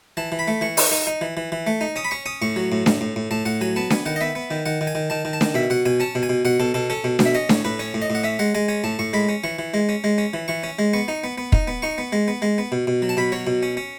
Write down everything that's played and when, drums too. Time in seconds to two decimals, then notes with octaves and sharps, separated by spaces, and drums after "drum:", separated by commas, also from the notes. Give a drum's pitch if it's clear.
0.17 E3 A5
0.32 E3
0.39 B5
0.48 A3
0.61 E3 C#6
0.77 D#4, drum: open hi-hat
0.91 D#4
1.07 D#4
1.21 E3
1.37 E3
1.52 E3
1.67 A3
1.81 D#4
1.96 C#4 D#6
2.05 B5
2.11 C#4 C#6
2.26 C#4 D#6
2.42 A2 C#6
2.56 F#3
2.72 A2
2.86 A2, drum: snare D4
3.01 A2
3.16 A2
3.31 A2 A5
3.45 A2 F#5
3.61 F#3 G#5
3.76 B3 A5
3.90 B3 G#5, drum: snare D4
4.06 D#3 F#5
4.16 D#5
4.21 B3 E5
4.35 B3
4.51 D#3
4.66 D#3 F#5
4.81 D#3
4.87 G#5
4.95 D#3
5.10 D#3 A5
5.25 D#3
5.33 A5
5.41 D#3, drum: snare D4
5.54 B2 E5
5.70 B2 F#5
5.86 B2 G#5
6.00 C#4 A5
6.15 B2
6.23 G#5
6.29 B2
6.45 B2 F#5
6.60 B2 A4
6.74 B2 A4
6.90 C#4 A4
7.04 B2
7.19 B2, drum: snare D4
7.25 E5
7.34 C#4 D#5
7.49 A2 C#5, drum: snare D4
7.65 A2 B4
7.79 C#4 C#5
7.94 A2
8.02 D#5
8.10 A2
8.15 F#5
8.24 C#4 E5
8.39 G#3 F#5
8.55 G#3 G#5
8.68 C#4 G#5
8.84 A2 A5
8.99 A2 C#6
9.13 G#3 B5
9.29 C#4
9.44 E3 C#6
9.59 E3
9.74 G#3
9.89 C#4
10.04 G#3
10.18 C#4
10.34 E3
10.48 E3 C#6
10.63 C#4
10.79 G#3
10.93 B3 C#6
11.08 D#4
11.24 B3
11.38 B3
11.52 D#4, drum: kick
11.67 B3
11.82 D#4 C#6
11.98 B3
12.12 G#3
12.28 B3
12.42 G#3
12.58 B3
12.72 B2
12.87 B2
13.02 F#3
13.09 A5
13.17 B2 B5
13.32 F#3 C#5
13.47 B2
13.63 C#4
13.77 C#4